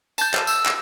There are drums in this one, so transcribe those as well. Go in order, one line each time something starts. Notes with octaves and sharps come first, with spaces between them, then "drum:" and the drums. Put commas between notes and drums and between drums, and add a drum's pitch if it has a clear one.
A5 G6, drum: tambourine
drum: clap
E6, drum: tambourine
drum: clap